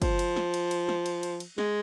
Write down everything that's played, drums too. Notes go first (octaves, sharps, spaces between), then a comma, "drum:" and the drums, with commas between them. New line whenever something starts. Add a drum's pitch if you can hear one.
F3, drum: kick, cymbal
drum: cymbal
drum: snare
drum: cymbal
drum: cymbal
drum: snare
drum: cymbal
drum: cymbal
drum: cymbal
G#3, drum: snare